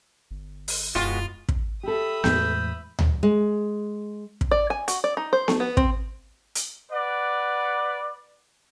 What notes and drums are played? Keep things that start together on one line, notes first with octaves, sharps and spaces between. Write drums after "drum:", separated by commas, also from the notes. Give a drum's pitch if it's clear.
G1
drum: open hi-hat
E1 F#2 G#3 B3 F4 F#4
drum: kick
G4 A4 E5 B5 D#6
E2 A2 G#3 G6, drum: snare B3
drum: tom D2
G#3
drum: kick
D5
G#5
F#4, drum: hi-hat
D5
D#4
C5
A3, drum: snare B3
B3
C4, drum: kick
drum: hi-hat
B4 D5 F#5